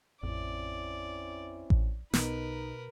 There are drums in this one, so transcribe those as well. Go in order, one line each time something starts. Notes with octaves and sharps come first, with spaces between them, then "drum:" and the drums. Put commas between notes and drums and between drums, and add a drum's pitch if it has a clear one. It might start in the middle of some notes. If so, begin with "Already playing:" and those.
A1 F2 C4 C#4 E4 D5
A#1, drum: kick A1
B1 B2 B3 D#4 A#4 B4, drum: snare